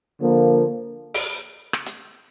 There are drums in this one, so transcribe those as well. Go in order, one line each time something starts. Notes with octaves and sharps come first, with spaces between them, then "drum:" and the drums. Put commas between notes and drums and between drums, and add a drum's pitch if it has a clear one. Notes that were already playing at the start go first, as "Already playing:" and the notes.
D3 F3 A#3
drum: open hi-hat
drum: rim click
drum: hi-hat